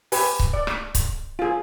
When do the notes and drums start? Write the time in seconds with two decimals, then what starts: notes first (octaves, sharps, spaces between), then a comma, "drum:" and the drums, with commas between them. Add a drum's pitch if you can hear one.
0.12 G4 B4 G#5, drum: open hi-hat
0.39 drum: kick C#1
0.53 D5
0.67 drum: rim click
0.95 drum: kick C#1, hi-hat
1.39 F4 G#4